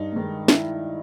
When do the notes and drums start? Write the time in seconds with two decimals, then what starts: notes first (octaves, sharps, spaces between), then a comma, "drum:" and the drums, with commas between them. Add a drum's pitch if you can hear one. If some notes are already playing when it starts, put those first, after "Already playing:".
Already playing: G2 D#4
0.12 D#3 G#3
0.48 E4, drum: snare